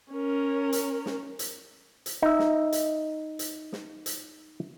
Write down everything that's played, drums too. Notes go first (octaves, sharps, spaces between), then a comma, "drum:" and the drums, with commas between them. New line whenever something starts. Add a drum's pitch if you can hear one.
C#4 A#4
drum: hi-hat
drum: snare
drum: hi-hat
drum: hi-hat
D#4 E5
drum: snare
drum: hi-hat
drum: hi-hat
drum: snare
drum: hi-hat